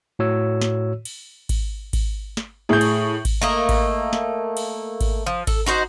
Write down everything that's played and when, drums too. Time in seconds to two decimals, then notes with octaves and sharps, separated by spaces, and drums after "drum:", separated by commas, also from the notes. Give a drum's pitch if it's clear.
0.19 A2 F#4 C#5 E6
0.62 drum: snare
1.05 drum: cymbal
1.49 drum: kick G#1, cymbal
1.93 drum: kick G#1, cymbal
2.37 drum: snare
2.69 A2 G#4 G6
2.81 drum: cymbal
3.25 drum: kick G#1, cymbal
3.42 A3 A#3 D#5
3.69 drum: kick G#1, cymbal
4.13 drum: snare
4.57 drum: cymbal
5.01 drum: kick G#1, cymbal
5.26 F3
5.47 A4, drum: kick G#1, cymbal
5.66 D#4 F#4 C5 D#5